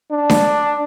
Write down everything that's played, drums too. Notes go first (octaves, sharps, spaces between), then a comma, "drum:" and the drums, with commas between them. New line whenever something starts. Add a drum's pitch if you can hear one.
D4
drum: snare D4